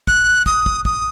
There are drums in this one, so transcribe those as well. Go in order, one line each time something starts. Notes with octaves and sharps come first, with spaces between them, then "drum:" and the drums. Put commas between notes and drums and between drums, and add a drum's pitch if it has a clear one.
F#6, drum: kick
D#6, drum: kick
drum: kick
D#6, drum: kick